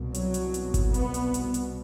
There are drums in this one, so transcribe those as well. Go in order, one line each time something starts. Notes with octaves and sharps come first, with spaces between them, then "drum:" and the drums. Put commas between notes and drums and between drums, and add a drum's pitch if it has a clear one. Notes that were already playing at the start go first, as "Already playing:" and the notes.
Already playing: C2 B2
F#3, drum: hi-hat
drum: hi-hat
drum: hi-hat
drum: kick G#1, hi-hat
B3, drum: hi-hat
drum: hi-hat
drum: hi-hat
drum: hi-hat